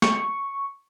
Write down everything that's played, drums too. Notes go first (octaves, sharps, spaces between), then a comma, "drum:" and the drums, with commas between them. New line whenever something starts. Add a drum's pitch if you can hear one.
C#6, drum: snare